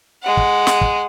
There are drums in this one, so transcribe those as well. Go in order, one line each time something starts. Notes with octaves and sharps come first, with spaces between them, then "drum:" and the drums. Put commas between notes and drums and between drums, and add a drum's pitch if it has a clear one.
G#3 F#5
drum: kick
drum: snare
drum: kick